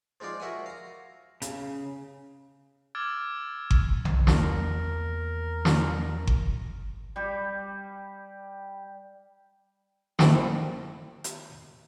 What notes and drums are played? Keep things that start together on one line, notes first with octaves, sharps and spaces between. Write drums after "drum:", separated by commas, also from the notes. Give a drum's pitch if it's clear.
F3 G#3 D#4 D5 F5
F#4 A#4 E5 F#5 G#5
F5 A#5
C#3, drum: hi-hat
D6 E6 F6 G#6 A6 D7
drum: kick G1
drum: tom B1
E2 A#3 A#4, drum: snare
drum: snare
drum: kick G1
G3 G4
D#3 A3 A#3 C4 E4, drum: snare
drum: hi-hat